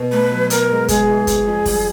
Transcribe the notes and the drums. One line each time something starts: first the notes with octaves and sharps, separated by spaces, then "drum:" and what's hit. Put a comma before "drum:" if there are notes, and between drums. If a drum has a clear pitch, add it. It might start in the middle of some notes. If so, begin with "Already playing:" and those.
Already playing: B2
A3 B4
F#3
B3 A#4, drum: hi-hat
G#2
G#3 G#4, drum: kick, hi-hat
E3
C4, drum: kick, hi-hat
F2
G3, drum: kick, open hi-hat